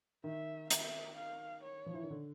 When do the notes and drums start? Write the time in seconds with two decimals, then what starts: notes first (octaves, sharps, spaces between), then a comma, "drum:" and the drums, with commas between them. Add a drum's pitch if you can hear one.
0.24 D#3 E5
0.70 E5, drum: hi-hat
1.17 F5
1.63 C#5
1.86 F3
1.94 E3
2.03 D#3
2.10 D3